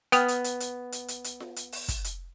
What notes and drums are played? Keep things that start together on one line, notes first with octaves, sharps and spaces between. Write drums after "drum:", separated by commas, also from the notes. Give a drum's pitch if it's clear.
B3 G5 D#6 F6, drum: hi-hat
drum: hi-hat
drum: hi-hat
drum: hi-hat
drum: hi-hat
drum: hi-hat
drum: hi-hat
drum: snare F4
drum: hi-hat
drum: open hi-hat
drum: kick, hi-hat
drum: hi-hat